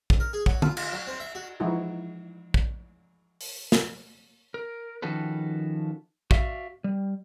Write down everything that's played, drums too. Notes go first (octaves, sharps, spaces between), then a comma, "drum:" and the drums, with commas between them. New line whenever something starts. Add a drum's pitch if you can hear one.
drum: kick
A#4
G#4
F#3, drum: kick
F4, drum: tom
F4, drum: cymbal
F#3
C4
E5
F#4
E3 F3 G#3 D#4 E4 F#4
drum: kick
drum: open hi-hat
drum: snare
A#4
D#3 F3 C#4 F#4 A4 B4
F#4 D5 E5 F5, drum: kick
G3